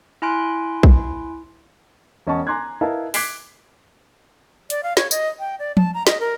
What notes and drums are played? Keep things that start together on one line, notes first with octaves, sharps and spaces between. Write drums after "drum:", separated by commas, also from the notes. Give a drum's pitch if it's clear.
E4 G#5 B5 C6 F#6 D7
drum: kick A#1
E1 C#4 D#5 F#5 A5 C#6
G#5 A#5 C6 D6 F#6 G#6
E4 A#4 B4 D#5 F5 A5
D6 F#6 G#6 B6 C7 D7, drum: open hi-hat
D5, drum: hi-hat
F5
C#5, drum: snare
D#5, drum: tambourine
G5
D5
A5, drum: tom
A#5
D#5, drum: snare
A#4